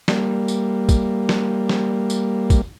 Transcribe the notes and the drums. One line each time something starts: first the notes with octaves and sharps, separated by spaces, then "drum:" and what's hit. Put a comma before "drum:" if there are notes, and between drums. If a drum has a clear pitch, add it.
G3 A#3, drum: snare
drum: tambourine
drum: kick, tambourine
drum: snare
drum: snare
drum: tambourine
drum: kick, tambourine